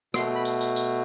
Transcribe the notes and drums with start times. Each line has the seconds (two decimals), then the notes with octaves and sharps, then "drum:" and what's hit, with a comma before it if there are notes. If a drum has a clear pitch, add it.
0.14 B2 A3 C6, drum: rim click
0.36 B5
0.45 drum: tambourine
0.61 drum: tambourine
0.76 drum: tambourine